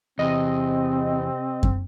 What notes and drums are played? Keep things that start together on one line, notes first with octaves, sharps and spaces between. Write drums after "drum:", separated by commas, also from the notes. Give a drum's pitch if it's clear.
E2 C3 C4 D#5
drum: kick F#2